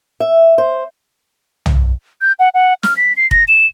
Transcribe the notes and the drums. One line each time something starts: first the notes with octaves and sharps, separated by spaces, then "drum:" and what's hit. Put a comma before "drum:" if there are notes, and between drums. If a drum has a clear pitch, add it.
E5
C5
drum: tom
G6
F#5
F#5
F6, drum: snare
B6
C7
A#6, drum: kick F1
E7